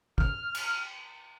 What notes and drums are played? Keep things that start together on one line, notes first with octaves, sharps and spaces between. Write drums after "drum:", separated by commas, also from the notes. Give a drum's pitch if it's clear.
F6, drum: kick
drum: cymbal